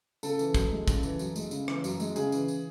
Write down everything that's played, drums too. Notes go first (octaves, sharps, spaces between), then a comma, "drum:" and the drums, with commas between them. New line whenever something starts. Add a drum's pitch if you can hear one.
C#3 A4, drum: tambourine
E3, drum: tambourine
F#2, drum: kick, tambourine
G#3
C#3, drum: kick, tambourine
E3, drum: tambourine
F#2, drum: tambourine
G#3, drum: tambourine
C#3, drum: tambourine
E3, drum: rim click
F#2, drum: tambourine
G#3, drum: tambourine
C#3 G#4, drum: tambourine
E3, drum: tambourine
drum: tambourine